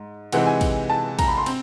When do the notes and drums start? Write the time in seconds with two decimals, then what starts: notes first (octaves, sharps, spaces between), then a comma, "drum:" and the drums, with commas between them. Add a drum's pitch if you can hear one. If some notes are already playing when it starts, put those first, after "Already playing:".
Already playing: G#2
0.32 C3 E3 G#3 C4 D#4 F#5, drum: cymbal
0.47 G#5
0.61 drum: kick, cymbal
0.90 A5
1.19 A#5, drum: kick, cymbal
1.28 B5
1.38 C6
1.46 C4, drum: cymbal